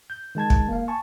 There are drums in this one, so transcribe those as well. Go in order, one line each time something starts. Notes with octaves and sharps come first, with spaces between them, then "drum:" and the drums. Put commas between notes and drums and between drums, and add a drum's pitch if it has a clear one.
G6
D#3 G#3 A5 G#6
drum: kick
A#3 F5
G#5 A5 C#6